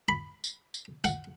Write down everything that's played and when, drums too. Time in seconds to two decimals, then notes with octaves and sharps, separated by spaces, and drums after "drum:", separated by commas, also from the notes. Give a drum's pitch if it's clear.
0.09 B5
0.44 drum: tambourine
0.74 drum: tambourine
1.04 F#5, drum: tambourine